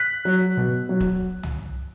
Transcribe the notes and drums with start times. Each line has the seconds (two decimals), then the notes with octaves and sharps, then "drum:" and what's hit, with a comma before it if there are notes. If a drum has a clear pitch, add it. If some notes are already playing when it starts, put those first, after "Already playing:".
Already playing: F#6 B6
0.25 F#3
0.57 B2
0.89 F#3
1.00 drum: kick E1
1.43 drum: tom